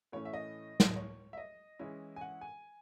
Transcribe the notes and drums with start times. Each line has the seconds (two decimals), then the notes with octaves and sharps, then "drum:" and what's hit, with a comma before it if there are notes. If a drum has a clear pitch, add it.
0.12 A2 E3 A3 C#4 C#5
0.25 E5
0.33 D#5
0.80 drum: snare
0.96 C#5
1.33 E5
1.37 D#5
1.79 E3 G#3 C#4 E4
2.16 G#5
2.21 F#5
2.41 G#5